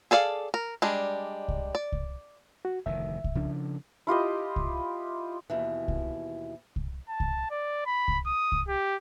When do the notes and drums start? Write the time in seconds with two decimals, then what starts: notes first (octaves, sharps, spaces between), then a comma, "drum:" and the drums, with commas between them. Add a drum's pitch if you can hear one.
0.11 G#4 A4 D5 F5
0.54 A#4
0.82 G3 G#3 D4
1.48 drum: kick C2
1.75 D5
1.92 drum: kick C2
2.65 F#4
2.86 F1 D2 D#3 E5
3.24 drum: kick C2
3.35 C#3 F3 D4
4.07 E4 F4 G4 D#5
4.56 drum: kick C2
5.50 D#2 B2 E3
5.88 drum: kick C2
6.76 drum: kick C2
7.09 A5
7.20 drum: kick C2
7.51 D5
7.86 B5
8.08 drum: kick C2
8.26 D#6
8.52 drum: kick C2
8.68 G4